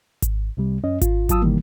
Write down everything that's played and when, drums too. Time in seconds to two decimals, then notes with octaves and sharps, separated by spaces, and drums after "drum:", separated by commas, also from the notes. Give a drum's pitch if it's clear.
0.22 drum: kick G#1, hi-hat
0.57 C2 C3 G3
0.83 F#2 C#4 D#5
1.01 F4, drum: kick G#1, hi-hat
1.29 F#3 F4 A5 D#6 E6, drum: kick G#1, hi-hat
1.42 B2 D#3 E3 G3 A#3